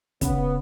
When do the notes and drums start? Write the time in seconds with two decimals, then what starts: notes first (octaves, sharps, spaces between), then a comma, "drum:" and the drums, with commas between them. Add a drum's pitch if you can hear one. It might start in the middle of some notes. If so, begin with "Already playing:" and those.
0.21 C#3 B3, drum: kick, hi-hat